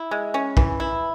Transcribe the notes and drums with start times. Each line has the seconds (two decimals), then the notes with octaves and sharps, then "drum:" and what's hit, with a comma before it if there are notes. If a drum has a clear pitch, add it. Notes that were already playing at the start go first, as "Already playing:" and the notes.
Already playing: E4
0.11 G#3
0.34 C#4
0.57 E3, drum: kick
0.80 E4